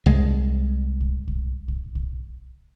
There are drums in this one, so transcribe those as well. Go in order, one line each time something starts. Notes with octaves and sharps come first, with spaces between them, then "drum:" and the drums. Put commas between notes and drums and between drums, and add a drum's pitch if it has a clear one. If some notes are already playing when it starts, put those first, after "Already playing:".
C2 G#3
drum: kick
drum: kick
drum: kick
drum: kick